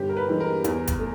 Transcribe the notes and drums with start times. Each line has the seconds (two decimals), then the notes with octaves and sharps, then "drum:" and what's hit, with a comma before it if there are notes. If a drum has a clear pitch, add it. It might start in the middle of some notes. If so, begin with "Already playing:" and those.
Already playing: G1 G4
0.09 A#4
0.17 B4
0.29 G2 E3 G#3
0.40 A#4
0.64 E2, drum: hi-hat
0.87 drum: kick, hi-hat
0.99 A3